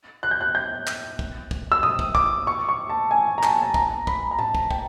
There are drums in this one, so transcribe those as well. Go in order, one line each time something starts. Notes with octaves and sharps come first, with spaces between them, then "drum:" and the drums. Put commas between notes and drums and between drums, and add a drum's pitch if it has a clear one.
F#6
G6
F#6
G6
drum: clap
drum: kick
drum: kick
E6
D#6, drum: tom A#2
drum: kick
D6, drum: kick
C#6
C#6
A5
G#5
A#5
A5, drum: clap
A5
A#5, drum: kick
B5, drum: kick
A#5
A5, drum: tom A2
drum: kick
G5, drum: kick